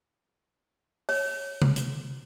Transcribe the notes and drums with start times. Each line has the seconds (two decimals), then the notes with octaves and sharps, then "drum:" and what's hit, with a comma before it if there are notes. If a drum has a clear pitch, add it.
1.09 C#5, drum: open hi-hat
1.62 drum: tom C3
1.76 drum: hi-hat